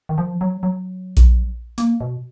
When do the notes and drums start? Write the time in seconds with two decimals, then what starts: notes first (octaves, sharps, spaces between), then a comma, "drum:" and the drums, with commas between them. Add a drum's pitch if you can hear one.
0.09 D#3
0.18 F3
0.41 F#3
0.63 F#3
1.17 drum: kick A#1, hi-hat
1.78 A#3, drum: hi-hat
2.01 B2